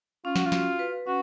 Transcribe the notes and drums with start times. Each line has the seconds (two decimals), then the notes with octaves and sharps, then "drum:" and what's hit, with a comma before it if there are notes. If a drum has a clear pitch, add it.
0.25 C#4 F4
0.36 F#4, drum: snare
0.46 F4
0.52 F#4, drum: snare
0.79 B4
1.07 C#4 F#4